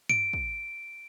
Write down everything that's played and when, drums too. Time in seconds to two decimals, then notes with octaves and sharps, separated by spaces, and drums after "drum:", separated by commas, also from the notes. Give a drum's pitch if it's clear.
0.10 D7, drum: tom G2
0.33 drum: kick